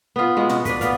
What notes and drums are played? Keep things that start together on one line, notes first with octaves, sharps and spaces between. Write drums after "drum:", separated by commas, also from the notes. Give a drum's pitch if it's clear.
B3 F4
G#3 F4 F#4
F#4, drum: tom
D4 B4, drum: kick, hi-hat
B3 B4 D5 F5, drum: kick, hi-hat